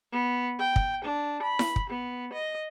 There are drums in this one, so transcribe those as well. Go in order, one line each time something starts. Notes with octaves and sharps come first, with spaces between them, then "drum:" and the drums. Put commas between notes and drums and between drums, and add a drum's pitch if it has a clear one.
B3
G5
drum: kick
D4
B5
drum: snare E4
drum: kick
B3
D#5